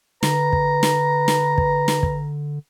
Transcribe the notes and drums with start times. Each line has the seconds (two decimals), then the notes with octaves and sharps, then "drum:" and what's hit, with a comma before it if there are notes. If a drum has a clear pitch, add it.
0.23 D3 B4 A#5, drum: snare
0.53 drum: kick
0.83 drum: snare
1.28 drum: snare
1.58 drum: kick
1.88 drum: snare
2.03 drum: kick